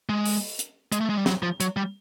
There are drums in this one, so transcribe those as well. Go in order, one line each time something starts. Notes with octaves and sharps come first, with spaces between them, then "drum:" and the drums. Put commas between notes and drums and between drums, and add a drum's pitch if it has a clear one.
G#3
drum: open hi-hat
drum: hi-hat
G#3, drum: hi-hat
A3
G#3
G3
F#3, drum: snare
F3
F#3, drum: hi-hat
G3